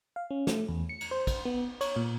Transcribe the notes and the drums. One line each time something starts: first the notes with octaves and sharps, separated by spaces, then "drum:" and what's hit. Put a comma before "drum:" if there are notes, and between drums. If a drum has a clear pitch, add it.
F5
C#4
A3, drum: snare
E2
C#7
drum: cymbal
C5
drum: kick, cymbal
B3
C#5, drum: cymbal
A#2